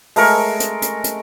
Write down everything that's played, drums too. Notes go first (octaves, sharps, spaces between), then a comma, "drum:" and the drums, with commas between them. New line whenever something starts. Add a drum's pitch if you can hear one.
G#3 A3 A#4 C#6, drum: open hi-hat
drum: hi-hat
drum: hi-hat
drum: hi-hat